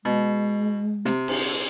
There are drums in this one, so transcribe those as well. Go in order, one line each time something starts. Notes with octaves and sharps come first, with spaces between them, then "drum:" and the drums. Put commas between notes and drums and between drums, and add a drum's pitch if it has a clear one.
B2 G#3
C3, drum: snare
drum: cymbal